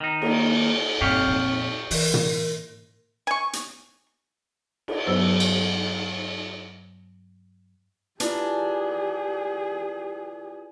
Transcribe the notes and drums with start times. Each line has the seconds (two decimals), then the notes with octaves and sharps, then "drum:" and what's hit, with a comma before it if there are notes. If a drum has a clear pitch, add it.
0.01 D#3 D#4
0.22 A#3, drum: cymbal
1.01 G2 A#2 C4 G4 C#5 F5
1.27 F2 A#2
1.91 E3 A#4, drum: open hi-hat
2.14 drum: tom
3.27 G#5 C#6
3.53 drum: hi-hat
4.88 drum: cymbal
5.07 G2 F#3 B3 B4 C5 E6
5.40 drum: cymbal
8.20 D4 E4 F4 G4 G#4 B4, drum: hi-hat